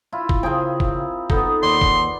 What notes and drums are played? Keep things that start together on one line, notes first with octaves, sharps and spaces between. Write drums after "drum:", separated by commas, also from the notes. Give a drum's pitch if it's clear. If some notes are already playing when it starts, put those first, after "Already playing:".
E4 F4
drum: kick
C#3 C4 G#4 A#4 G5
drum: kick
B3 D#4 A4, drum: kick
D#2 D5 C6
drum: kick